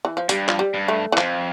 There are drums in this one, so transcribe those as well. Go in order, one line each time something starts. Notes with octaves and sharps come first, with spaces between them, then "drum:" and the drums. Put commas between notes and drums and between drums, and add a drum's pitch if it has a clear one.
E3
F3
G2 G3, drum: hi-hat
F3, drum: clap
G3
G2
A3
E3
F2 F3, drum: clap